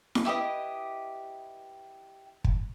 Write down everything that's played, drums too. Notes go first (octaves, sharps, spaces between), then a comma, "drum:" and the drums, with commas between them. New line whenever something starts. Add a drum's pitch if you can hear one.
drum: snare E4
E4 G4 B4 D#5
drum: kick